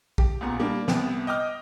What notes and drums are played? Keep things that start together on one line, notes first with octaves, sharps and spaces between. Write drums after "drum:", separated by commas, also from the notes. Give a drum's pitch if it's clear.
G4, drum: kick A#1
C#2 A#2 B3 A#5
G3 A#3 D4
C2 C3 B3 G4, drum: snare
D#5 G5 D6 F6